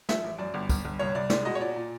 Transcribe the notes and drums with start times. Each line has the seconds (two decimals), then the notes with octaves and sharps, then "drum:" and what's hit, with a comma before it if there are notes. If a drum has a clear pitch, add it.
0.09 F3 E5, drum: snare
0.24 A1
0.39 F#2 D5
0.54 G1
0.69 G1, drum: kick, tambourine
0.85 G1
0.99 C2 C#5
1.15 C2 D5
1.30 G#3 D5, drum: snare
1.45 B2 D#5
1.55 C#5
1.61 A#2 D5
1.76 A#2